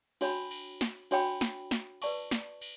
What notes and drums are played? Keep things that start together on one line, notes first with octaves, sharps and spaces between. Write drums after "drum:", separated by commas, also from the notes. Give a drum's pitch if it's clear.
D4 F#4 C#5 G5 B5, drum: cymbal
drum: cymbal
drum: snare
D4 F#4 C#5 G5 B5, drum: cymbal
drum: snare
drum: snare
B4 D5 A5 C#6, drum: cymbal
drum: snare
drum: cymbal